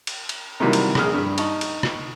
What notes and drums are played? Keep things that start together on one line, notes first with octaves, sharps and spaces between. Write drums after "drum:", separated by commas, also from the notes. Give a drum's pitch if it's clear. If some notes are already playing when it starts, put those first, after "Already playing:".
drum: cymbal
drum: cymbal
C3 D#3 E3 F#3 G3 A#3
drum: cymbal
A#1 G#4 F6, drum: rim click
G2
D#4 A5 C#6, drum: cymbal
drum: cymbal
drum: rim click